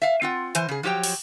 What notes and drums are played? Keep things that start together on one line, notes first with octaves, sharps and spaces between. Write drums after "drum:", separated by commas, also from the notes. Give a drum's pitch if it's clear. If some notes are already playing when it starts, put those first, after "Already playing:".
E5 F5
C4 F4 F#5
E3 C5 G#5, drum: hi-hat
C#3 G#4
F3 F#3 G4 C#5 G5
drum: open hi-hat